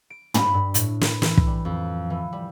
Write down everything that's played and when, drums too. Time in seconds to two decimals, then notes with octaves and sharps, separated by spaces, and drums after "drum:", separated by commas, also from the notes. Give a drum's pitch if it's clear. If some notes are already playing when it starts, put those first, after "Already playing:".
0.10 D7
0.34 B5, drum: tom
0.54 G2
0.74 A2, drum: hi-hat
1.01 B4, drum: snare
1.22 E3, drum: snare
1.37 drum: kick
1.47 G3
1.65 F2
2.10 E3
2.33 G3